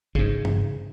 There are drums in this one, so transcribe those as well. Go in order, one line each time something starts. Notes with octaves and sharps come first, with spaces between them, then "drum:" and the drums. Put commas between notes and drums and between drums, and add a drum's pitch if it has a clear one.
G#2 C#3, drum: kick
drum: tom G2